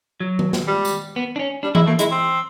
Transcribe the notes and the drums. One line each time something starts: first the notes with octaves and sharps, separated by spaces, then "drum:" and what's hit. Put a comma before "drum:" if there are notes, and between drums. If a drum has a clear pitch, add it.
F#3
drum: tom D#3
drum: snare
G3
drum: tambourine
B3
D4
C#4
G3 D4
G#3 E4, drum: tom E3
A3 A#3
G#3 E4, drum: hi-hat
C4